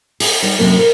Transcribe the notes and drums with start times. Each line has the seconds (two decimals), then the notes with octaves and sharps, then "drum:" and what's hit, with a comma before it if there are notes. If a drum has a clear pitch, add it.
0.20 G#4, drum: open hi-hat
0.43 G3 D#4 B4
0.59 F#2 C3 A#3 A#4
0.78 A#4